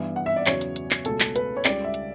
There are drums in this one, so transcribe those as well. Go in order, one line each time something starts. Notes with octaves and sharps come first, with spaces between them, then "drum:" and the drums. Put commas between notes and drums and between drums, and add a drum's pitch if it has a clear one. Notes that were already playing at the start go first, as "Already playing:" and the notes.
Already playing: G2 E3 B3
F#5
E5
D5
E2 C#3 F#3 B3 C#5, drum: clap
drum: hi-hat
drum: hi-hat
drum: clap
C#2 B2 A3 C#4 A4, drum: hi-hat
drum: clap
B4, drum: hi-hat
C#5
C#2 C#3 G3 D5, drum: clap
E5
drum: hi-hat